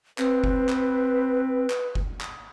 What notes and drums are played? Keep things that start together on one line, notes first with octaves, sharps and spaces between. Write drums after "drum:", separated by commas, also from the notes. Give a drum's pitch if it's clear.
C4 B4, drum: clap
drum: kick F#1
drum: clap
drum: clap
drum: kick F#1
drum: clap